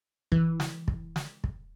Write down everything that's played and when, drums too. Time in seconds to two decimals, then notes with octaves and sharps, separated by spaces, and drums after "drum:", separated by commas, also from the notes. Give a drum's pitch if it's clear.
0.32 E3, drum: kick
0.60 drum: snare
0.88 drum: kick
1.16 drum: snare
1.44 drum: kick